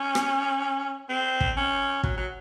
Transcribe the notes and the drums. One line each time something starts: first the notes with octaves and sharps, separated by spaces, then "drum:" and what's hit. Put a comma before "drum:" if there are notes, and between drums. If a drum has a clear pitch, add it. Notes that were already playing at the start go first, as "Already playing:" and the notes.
Already playing: C#4
drum: rim click
C4
drum: kick
C#4
F#3, drum: kick
F#3